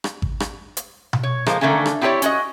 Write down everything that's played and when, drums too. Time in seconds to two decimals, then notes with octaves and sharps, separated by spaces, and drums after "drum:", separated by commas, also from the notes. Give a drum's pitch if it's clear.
0.04 drum: rim click
0.22 drum: kick G#1
0.40 drum: rim click
0.77 drum: hi-hat
1.13 drum: tom B2
1.23 C#5
1.46 F3 G#3 A#3 C5, drum: rim click
1.61 D3 D#3 A3 A#3 C#4
1.86 drum: rim click
2.01 C4 E4 G4 G#4 C#5 D5
2.22 C#4 F#4 D#5, drum: hi-hat